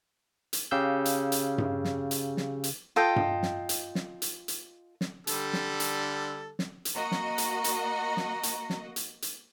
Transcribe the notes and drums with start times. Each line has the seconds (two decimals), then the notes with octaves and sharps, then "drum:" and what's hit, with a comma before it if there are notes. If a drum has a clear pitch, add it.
0.53 drum: hi-hat
0.71 C#3 G4 F5 E6 G6
1.05 drum: hi-hat
1.32 drum: hi-hat
1.58 drum: tom G2
1.84 drum: snare
2.11 drum: hi-hat
2.37 drum: snare
2.64 drum: hi-hat
2.96 F4 A4 D#5 G5
3.16 drum: tom G2
3.43 drum: snare
3.69 drum: hi-hat
3.95 drum: snare
4.22 drum: hi-hat
4.48 drum: hi-hat
5.01 drum: snare
5.27 D3 G3 A4, drum: hi-hat
5.53 drum: snare
5.80 drum: hi-hat
6.59 drum: snare
6.85 drum: hi-hat
6.95 A#3 F#4 D#5 A#5
7.12 drum: snare
7.38 drum: hi-hat
7.64 drum: hi-hat
8.17 drum: snare
8.43 drum: hi-hat
8.70 drum: snare
8.96 drum: hi-hat
9.22 drum: hi-hat